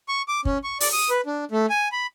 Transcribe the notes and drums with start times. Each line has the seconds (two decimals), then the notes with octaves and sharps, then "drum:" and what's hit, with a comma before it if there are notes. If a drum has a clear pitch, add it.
0.08 C#6
0.28 D6
0.45 C#4, drum: kick
0.64 C#6
0.80 D5, drum: open hi-hat
0.93 D#6
1.10 B4
1.26 D4
1.52 A3
1.70 G#5
1.92 B5